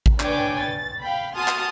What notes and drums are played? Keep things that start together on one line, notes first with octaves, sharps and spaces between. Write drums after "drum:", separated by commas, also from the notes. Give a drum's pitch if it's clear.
drum: kick A1
D4 B4 C#5 G5 G#5 D6, drum: clap
A6
F5 G5 B5
F#4 G#5 A5 C6 D#6 F6
drum: clap